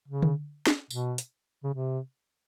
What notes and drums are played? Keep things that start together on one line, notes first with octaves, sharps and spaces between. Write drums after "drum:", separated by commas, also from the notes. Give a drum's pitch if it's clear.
C#3
drum: tom D3
drum: snare
B2, drum: tambourine
drum: hi-hat
C#3
C3